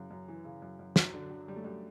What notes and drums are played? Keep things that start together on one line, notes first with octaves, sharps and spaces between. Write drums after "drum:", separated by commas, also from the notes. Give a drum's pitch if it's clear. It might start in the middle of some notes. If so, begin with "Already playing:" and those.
Already playing: F#2 C#3 E3
F#2
E3
C#3
F#2
F#2
F#2 F#3, drum: snare
D3
D3
F#2 G3
A3
F#2 G3